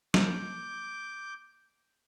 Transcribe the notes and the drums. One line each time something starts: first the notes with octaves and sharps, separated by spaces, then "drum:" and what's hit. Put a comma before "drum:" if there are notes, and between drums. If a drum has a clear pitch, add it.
A#3 D6 G6, drum: snare